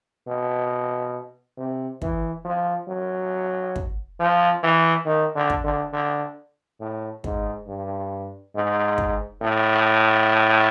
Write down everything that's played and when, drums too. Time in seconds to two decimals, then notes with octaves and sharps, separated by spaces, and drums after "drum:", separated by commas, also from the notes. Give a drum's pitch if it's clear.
0.27 B2
1.58 C3
2.02 E3, drum: kick
2.45 F3
2.88 F#3
3.76 drum: kick
4.20 F3
4.63 E3
5.06 D#3
5.35 D3
5.50 drum: kick
5.64 D3
5.93 D3
6.80 A2
7.24 G#2, drum: kick
7.67 G2
8.55 G#2
8.98 drum: kick
9.41 A2